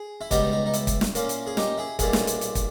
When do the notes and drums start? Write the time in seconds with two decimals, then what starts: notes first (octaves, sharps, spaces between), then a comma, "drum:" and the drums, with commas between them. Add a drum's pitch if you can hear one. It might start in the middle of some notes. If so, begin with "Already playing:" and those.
Already playing: G#4
0.21 E4
0.31 C#2 B2 G3 B3 D#4 G4, drum: kick, hi-hat
0.52 D#4
0.66 D#4
0.74 E4, drum: hi-hat
0.87 drum: kick, hi-hat
1.01 drum: snare
1.15 A#2 A#3 C#4, drum: hi-hat
1.29 drum: hi-hat
1.47 G#4
1.57 D#4 G4, drum: snare
1.78 E4 G#4
1.99 B1 A#2 G3 E4 G#4, drum: kick, hi-hat
2.13 drum: snare
2.27 drum: hi-hat
2.41 drum: hi-hat
2.55 drum: kick, hi-hat